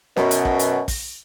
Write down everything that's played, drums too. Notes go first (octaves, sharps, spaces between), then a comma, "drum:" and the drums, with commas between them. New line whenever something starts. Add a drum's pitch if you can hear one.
F#2 B2, drum: snare
drum: hi-hat
drum: kick
drum: hi-hat
drum: kick, open hi-hat